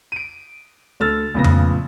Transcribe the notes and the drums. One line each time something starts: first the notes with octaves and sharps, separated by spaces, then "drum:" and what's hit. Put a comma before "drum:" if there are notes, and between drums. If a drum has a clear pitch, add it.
D7 D#7
D2 A4 E6 F6 A6
A#1 A2 C#3 F3 B3 A#6
drum: tom F2